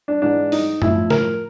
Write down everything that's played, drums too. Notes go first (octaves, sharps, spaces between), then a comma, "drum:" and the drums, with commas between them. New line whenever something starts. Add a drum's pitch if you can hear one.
D4
G#2 E3 D4
D#4, drum: open hi-hat
A2 F3 E4, drum: tom F#2
A#4, drum: snare